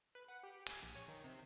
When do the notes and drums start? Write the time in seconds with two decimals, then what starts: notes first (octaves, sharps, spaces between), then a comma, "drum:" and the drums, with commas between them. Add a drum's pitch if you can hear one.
0.15 B4
0.28 F#5
0.43 G4
0.67 G#5, drum: hi-hat
0.83 A#1
0.95 C#5
1.08 D#3
1.24 C3